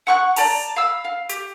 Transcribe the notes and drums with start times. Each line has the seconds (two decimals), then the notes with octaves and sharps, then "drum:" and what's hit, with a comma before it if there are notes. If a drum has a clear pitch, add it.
0.07 F#5 C#6 F#6
0.36 D5 A5 A#5, drum: open hi-hat
0.76 F5 B5 E6
1.05 F5
1.29 G4, drum: hi-hat